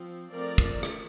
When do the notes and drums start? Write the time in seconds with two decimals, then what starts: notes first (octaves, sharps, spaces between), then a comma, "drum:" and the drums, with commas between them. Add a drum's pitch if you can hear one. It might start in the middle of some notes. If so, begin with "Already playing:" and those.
Already playing: F3 C4
0.33 F3 A3 C4 A#4 D5
0.58 drum: kick
0.83 drum: rim click